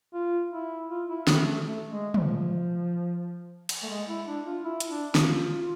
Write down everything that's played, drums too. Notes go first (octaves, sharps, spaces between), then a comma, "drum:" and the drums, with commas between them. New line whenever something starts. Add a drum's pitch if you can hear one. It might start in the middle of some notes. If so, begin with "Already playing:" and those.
F4
E4
F4
E4
A3, drum: snare
A3
A3
G#3
F3, drum: tom
drum: cymbal
A3
G#3
E4
D4
F4
E4
drum: hi-hat
D4
F4, drum: snare